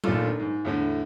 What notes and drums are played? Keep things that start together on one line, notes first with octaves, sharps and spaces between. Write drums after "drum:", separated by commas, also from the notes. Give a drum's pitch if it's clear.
A#1 D#2 A3 D4 F4 A4, drum: tom F#3
G#2
E2 A2 D3